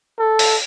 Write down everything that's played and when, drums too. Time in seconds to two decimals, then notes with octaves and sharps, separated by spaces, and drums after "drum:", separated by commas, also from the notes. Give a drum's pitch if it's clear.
0.19 A4
0.39 drum: open hi-hat